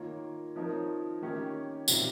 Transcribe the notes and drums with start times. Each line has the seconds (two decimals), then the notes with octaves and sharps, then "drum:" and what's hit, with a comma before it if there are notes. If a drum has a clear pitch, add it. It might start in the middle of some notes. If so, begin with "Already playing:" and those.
Already playing: D#3 A#3 F4 A#4 C#5
0.56 F3 C4 D#4 A#4 C#5
1.22 D#3 A#3 C#4 G4 C#5
1.88 C3 D#3 G3 C4 F4, drum: tambourine